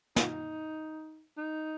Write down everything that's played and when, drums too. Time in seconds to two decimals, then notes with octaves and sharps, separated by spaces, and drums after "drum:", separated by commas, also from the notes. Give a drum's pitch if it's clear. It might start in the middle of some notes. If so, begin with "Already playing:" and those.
0.16 D#4, drum: snare
1.37 D#4